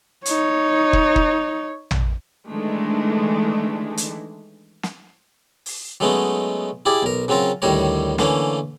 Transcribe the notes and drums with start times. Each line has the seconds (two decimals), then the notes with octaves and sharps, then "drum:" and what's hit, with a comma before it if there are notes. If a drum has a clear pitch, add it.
0.26 D#4 C#5, drum: hi-hat
0.93 drum: kick
1.16 drum: kick
1.91 drum: tom
2.47 D#3 E3 G#3 A3 D4
3.97 drum: hi-hat
4.83 drum: snare
5.66 drum: open hi-hat
6.00 F#3 G#3 A3 B3 C#4 D#4
6.86 E4 G4 G#4 D5
7.03 B1 A#4
7.28 C#3 F#3 C4 F4 A#4
7.62 D2 A2 D#3 G3 A#4 C#5
8.18 D3 E3 A3 A#3 C#4, drum: snare